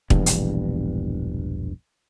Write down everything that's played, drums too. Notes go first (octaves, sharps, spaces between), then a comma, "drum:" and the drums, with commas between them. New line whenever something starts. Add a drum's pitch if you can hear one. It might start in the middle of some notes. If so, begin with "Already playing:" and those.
E1 A#1 E2 G2, drum: kick
drum: hi-hat